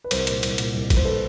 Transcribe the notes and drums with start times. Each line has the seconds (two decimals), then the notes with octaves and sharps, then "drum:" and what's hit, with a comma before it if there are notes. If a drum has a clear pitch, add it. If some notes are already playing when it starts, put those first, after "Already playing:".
0.04 B4
0.11 C2 A#4 C5, drum: cymbal
0.27 A#2, drum: cymbal
0.43 C2, drum: cymbal
0.58 A#2, drum: cymbal
0.74 C2
0.90 A#2, drum: kick, cymbal
0.97 C5
1.05 A4 B4